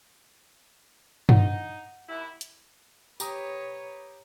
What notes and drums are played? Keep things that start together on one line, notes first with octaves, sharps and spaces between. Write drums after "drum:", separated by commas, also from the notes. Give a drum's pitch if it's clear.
D#4 F#5, drum: tom G2
D#2 E4
drum: hi-hat
G4 B4 C#5 A#5 D#6, drum: tambourine